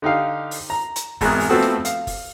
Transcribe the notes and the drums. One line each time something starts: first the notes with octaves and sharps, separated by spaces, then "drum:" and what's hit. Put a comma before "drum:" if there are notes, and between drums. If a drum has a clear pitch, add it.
D3 D#4 G4 F5
drum: open hi-hat
A#5
drum: hi-hat
G#1 E2 G#3 A#4 A#5 F#6, drum: kick F#1, open hi-hat
drum: open hi-hat
F3 A3 B3 C4 F#4 A4
drum: snare
F5, drum: hi-hat
drum: kick F#1, open hi-hat